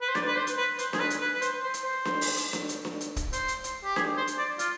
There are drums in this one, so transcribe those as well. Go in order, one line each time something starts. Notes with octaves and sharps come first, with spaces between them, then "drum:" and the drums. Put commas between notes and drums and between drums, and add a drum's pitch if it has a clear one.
B4
C5
D5, drum: snare D4
B4
C5
drum: hi-hat
B4
C5, drum: hi-hat
G#4, drum: snare D4
B4
drum: hi-hat
B4
B4
C5, drum: hi-hat
C5
drum: hi-hat
C5
drum: snare D4
drum: open hi-hat
drum: hi-hat
drum: snare D4
drum: hi-hat
drum: snare D4
drum: hi-hat
drum: kick D1, hi-hat
C5, drum: hi-hat
drum: hi-hat
drum: hi-hat
G4
G#4, drum: snare D4
C5
drum: hi-hat
D5
F4, drum: hi-hat